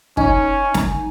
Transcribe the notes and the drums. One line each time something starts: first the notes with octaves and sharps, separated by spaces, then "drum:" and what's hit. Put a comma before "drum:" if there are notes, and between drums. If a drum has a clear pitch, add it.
C#4 D#4 G#5, drum: kick
drum: snare